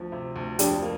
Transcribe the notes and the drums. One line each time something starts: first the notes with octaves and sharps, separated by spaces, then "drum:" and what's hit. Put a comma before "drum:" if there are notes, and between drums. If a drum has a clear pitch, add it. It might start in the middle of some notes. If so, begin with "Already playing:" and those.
Already playing: D2 F3
C3
D2
F2 D4 G4, drum: hi-hat
A#3